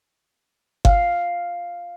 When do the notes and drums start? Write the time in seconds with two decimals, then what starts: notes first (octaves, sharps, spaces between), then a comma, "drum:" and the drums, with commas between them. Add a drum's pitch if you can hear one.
0.85 F5, drum: kick G1